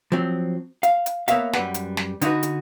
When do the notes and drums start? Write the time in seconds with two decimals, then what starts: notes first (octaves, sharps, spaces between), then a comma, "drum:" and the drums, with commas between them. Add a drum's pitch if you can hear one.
0.12 F3 F#3 C4
0.83 F5, drum: hi-hat
1.06 drum: hi-hat
1.28 A#3 B3 A#4 C#5 E5 F5, drum: hi-hat
1.53 F#2 G3 B4 F#5, drum: snare
1.74 drum: hi-hat
1.97 drum: snare
2.21 D3 D#4 E4 F#4 B4, drum: hi-hat
2.43 drum: hi-hat